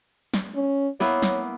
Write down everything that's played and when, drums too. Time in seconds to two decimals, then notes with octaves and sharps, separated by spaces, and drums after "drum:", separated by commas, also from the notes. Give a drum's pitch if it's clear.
0.34 drum: snare
0.55 C#4
1.00 A#3 B3 E4 C#5
1.22 drum: snare